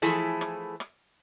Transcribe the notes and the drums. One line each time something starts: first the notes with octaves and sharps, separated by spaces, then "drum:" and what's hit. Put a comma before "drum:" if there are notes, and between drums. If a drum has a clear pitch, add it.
E3 F3 A3 E4 G#4 A4, drum: hi-hat
drum: rim click
drum: rim click